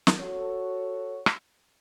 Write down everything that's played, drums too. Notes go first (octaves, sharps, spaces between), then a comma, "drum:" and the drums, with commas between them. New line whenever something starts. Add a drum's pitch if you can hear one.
drum: snare
F#4 A4 C#5
drum: rim click